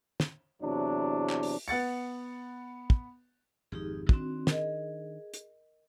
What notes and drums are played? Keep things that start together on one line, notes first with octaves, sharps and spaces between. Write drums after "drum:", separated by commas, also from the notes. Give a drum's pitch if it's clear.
drum: snare
E2 C3 F#3 D4
drum: clap
drum: open hi-hat
B3 F#5 A6 C#7
drum: kick
G#1 F2 D#4 G4 G#4
D#3 C4 D4 F#4, drum: kick
G#4 A#4 D#5, drum: snare
drum: hi-hat